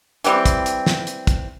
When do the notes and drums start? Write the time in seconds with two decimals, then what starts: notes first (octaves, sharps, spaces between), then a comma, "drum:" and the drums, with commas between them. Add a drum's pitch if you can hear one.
0.24 E3 G3 C4, drum: hi-hat
0.46 drum: kick, hi-hat
0.66 drum: hi-hat
0.86 drum: snare
1.07 drum: hi-hat
1.27 drum: kick, hi-hat